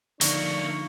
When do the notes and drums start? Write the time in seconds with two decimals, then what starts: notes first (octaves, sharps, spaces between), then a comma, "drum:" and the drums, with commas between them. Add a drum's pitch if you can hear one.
0.21 D3 F3 A3 A#3 D4 D#4 C#6, drum: hi-hat